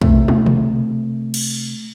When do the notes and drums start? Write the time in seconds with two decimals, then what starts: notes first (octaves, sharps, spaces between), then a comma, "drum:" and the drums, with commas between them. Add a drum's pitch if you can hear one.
0.02 C3 A3, drum: kick
0.28 drum: tom
0.46 drum: tom B2
1.34 drum: cymbal